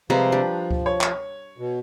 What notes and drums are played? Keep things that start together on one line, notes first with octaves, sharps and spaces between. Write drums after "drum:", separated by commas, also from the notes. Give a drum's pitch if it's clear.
C3 F3 G3 G#3 B4 F5 A#5
D4 G4
drum: kick C#2
C#5
drum: clap
B2